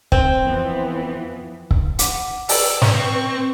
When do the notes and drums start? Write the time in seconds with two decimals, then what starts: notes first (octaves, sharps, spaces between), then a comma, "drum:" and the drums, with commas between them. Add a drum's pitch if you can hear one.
0.12 C4, drum: kick C#1
0.45 F2 E3 B3
1.71 drum: kick C#1
1.99 F#5 D6, drum: hi-hat
2.49 B4 D5 D#5 G5 E6, drum: open hi-hat
2.82 drum: snare
2.94 C4 C#6